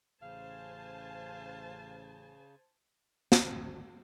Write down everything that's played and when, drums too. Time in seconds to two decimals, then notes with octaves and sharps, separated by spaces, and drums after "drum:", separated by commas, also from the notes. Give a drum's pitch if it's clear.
0.22 A1 C#3 C5 F5 G#5 A5
3.32 G#1 D2 D3, drum: snare